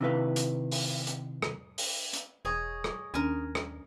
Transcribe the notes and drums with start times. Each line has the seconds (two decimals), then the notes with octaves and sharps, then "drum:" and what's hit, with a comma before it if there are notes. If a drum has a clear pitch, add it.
0.01 C3 D#3 E4 F#4 B4 F5
0.36 drum: hi-hat
0.72 drum: open hi-hat
1.07 drum: hi-hat
1.42 drum: rim click
1.78 drum: open hi-hat
2.13 drum: hi-hat
2.45 E1 G#4 C#5 D#5
2.84 drum: rim click
3.14 D#2 C#4 D4 A#4 G#5
3.55 drum: rim click